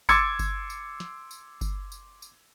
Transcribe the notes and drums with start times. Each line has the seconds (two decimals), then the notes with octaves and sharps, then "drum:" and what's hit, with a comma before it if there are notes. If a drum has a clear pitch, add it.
0.09 C6 D6 E6 G#6 A6 C#7, drum: kick G1, tambourine
0.39 drum: kick G1, tambourine
0.70 drum: tambourine
1.00 drum: snare
1.31 drum: tambourine
1.61 drum: kick G1, tambourine
1.92 drum: tambourine
2.22 drum: tambourine